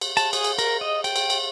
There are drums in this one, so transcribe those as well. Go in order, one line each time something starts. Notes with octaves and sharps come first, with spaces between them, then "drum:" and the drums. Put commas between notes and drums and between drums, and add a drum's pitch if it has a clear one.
drum: cymbal
A5, drum: cymbal
G#4, drum: cymbal
drum: cymbal
A#4, drum: cymbal
D#5
G5, drum: cymbal
drum: cymbal
drum: cymbal